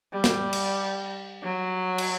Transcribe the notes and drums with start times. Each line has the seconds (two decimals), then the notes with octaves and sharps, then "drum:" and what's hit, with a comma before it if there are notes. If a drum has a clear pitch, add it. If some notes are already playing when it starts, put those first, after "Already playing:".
0.13 G3
0.24 drum: snare
0.53 drum: cymbal
1.43 F#3
1.98 drum: cymbal